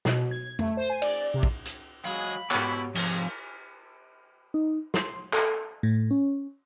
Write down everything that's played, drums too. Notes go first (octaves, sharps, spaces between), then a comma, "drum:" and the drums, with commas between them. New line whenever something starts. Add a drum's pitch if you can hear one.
B2, drum: snare
G#6
A3, drum: tom F2
C5
G#5
D5, drum: cymbal
C3
drum: kick
drum: hi-hat
F#3 G#3 G#4 F5 B5
G#2 B2 E4 G4 C#5, drum: clap
F2 C3 F3 G#4, drum: cymbal
D#4
C6, drum: snare
A4, drum: clap
A2
C#4